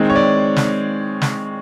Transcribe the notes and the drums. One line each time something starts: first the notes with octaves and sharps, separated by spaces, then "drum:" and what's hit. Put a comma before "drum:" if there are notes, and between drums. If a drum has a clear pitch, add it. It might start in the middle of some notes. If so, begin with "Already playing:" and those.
Already playing: D#3 G#3 C4
C#5
D5
drum: snare
drum: snare